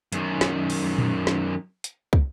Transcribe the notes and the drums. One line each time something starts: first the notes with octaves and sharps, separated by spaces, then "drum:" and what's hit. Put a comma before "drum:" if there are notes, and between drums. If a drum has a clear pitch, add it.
F#2 D#3, drum: hi-hat
drum: snare
drum: open hi-hat
drum: tom A#2
drum: snare
drum: hi-hat
drum: kick